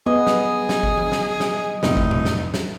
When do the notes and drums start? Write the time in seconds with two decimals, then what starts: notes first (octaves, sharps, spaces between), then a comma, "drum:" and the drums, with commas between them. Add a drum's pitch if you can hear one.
0.06 B3 G#4 D#5
0.27 drum: snare
0.69 drum: snare
0.83 drum: kick G1
0.98 drum: tom E3
1.12 drum: snare
1.40 drum: snare
1.83 F1 A2 D#4, drum: snare
1.97 drum: kick G1
2.11 drum: tom A2
2.25 drum: snare
2.54 drum: snare